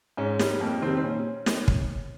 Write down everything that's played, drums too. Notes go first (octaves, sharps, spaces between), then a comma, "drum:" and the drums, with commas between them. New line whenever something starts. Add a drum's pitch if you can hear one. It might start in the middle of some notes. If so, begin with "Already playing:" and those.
G#2 C#4
G3, drum: snare
F2 A#3
D#3 G3 C4
C4
A#2 C#4
drum: snare
drum: kick